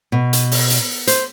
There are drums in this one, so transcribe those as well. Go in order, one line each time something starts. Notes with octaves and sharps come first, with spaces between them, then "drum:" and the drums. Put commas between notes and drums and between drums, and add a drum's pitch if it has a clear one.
B2
drum: hi-hat
drum: open hi-hat
drum: hi-hat
C5, drum: hi-hat